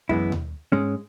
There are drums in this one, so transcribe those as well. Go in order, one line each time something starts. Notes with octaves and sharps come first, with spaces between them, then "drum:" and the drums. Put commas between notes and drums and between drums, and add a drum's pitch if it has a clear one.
F#2 E3 G#3 B3 E4, drum: kick
drum: tom D#2
G#2 G#3 C#4